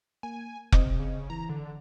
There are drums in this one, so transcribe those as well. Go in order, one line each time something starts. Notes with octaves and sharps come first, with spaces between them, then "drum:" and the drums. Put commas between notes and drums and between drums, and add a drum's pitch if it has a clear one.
A#3 G#5
C3 C4 D#5, drum: kick F1
C#3
E3 A#5
D3